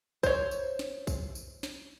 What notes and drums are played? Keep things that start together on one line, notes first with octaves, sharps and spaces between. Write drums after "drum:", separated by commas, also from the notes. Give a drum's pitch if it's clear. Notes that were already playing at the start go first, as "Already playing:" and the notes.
C5 C#5, drum: kick A#1, tambourine
drum: tambourine
drum: snare
drum: kick A#1, tambourine
drum: tambourine
drum: snare